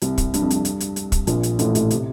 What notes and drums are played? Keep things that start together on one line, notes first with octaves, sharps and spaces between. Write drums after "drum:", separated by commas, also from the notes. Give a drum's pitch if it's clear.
C2 C3, drum: hi-hat
drum: kick, hi-hat
G2, drum: hi-hat
F2
G2, drum: hi-hat
drum: hi-hat
drum: hi-hat
drum: hi-hat
drum: kick, hi-hat
A#1 A#2, drum: hi-hat
drum: hi-hat
A1 A2, drum: hi-hat
A1 A2, drum: hi-hat
C3, drum: hi-hat